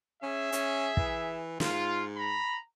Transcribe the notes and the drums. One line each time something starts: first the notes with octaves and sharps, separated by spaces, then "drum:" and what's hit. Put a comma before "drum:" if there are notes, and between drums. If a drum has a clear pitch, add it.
C#4 G#4 E5
C#4, drum: hi-hat
E3, drum: kick
G#2 F4, drum: snare
A#5 B5